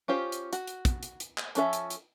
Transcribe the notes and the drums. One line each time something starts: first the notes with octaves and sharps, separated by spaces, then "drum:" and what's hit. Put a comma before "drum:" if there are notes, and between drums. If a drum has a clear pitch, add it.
C#4 F4 G4 C5
drum: hi-hat
F#4, drum: hi-hat
drum: hi-hat
drum: kick, hi-hat
drum: hi-hat
drum: hi-hat
drum: clap
F3 C#4 A4 E5, drum: hi-hat
drum: hi-hat
drum: hi-hat